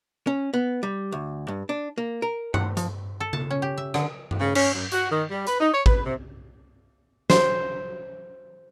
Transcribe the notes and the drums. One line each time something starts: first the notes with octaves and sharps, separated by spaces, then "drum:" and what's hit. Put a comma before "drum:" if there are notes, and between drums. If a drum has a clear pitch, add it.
C#4
B3
G3
D2
G2
D4
A#3
A#4
F#5, drum: tom G2
F3, drum: hi-hat
A4
A5, drum: tom C#3
C#4
G4
E5
D3, drum: rim click
drum: tom G2
C#3
C#4, drum: cymbal
F#2
F#4, drum: hi-hat
D#3
G3
B4, drum: hi-hat
D#4
C#5
B4, drum: kick G#1
C3
C5, drum: snare